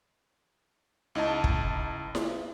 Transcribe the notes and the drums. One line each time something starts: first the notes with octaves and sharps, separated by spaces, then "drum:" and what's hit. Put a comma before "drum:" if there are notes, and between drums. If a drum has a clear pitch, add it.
C#2 D#4 E4 D#5 A5
drum: kick
drum: snare E4